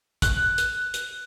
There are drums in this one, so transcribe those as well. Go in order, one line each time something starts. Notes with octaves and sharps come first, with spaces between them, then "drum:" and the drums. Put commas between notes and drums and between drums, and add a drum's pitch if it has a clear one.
F#6, drum: kick, hi-hat
drum: hi-hat
drum: hi-hat